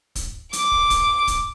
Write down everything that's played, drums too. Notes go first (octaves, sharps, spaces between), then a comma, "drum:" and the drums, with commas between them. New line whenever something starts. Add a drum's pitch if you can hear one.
drum: kick, hi-hat
D6, drum: hi-hat
drum: kick
drum: kick, hi-hat
drum: kick, hi-hat